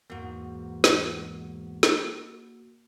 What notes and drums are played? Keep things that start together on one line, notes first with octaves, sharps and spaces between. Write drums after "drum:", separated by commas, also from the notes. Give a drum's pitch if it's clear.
E2 G#2 A#3 F#4
drum: snare
drum: snare